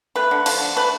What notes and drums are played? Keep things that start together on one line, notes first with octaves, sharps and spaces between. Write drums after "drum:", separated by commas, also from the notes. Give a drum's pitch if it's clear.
A3 B4
D3
F3, drum: cymbal
D3
A3 B4